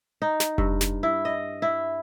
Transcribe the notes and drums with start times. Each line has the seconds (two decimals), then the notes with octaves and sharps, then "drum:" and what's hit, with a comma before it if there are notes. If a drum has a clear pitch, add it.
0.22 D#4
0.40 drum: snare
0.58 G2, drum: kick F1
0.81 drum: snare
1.03 E4
1.25 D#5
1.62 E4